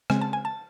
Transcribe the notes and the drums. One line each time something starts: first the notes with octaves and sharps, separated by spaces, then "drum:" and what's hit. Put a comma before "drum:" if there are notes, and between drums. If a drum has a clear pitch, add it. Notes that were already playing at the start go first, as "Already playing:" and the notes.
C#3 G#3 C4 G#5, drum: rim click
A5
G#5
A5